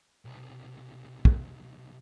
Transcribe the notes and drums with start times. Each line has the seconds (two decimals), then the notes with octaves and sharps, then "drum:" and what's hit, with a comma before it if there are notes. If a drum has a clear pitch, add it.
0.25 B1 C3
1.25 drum: kick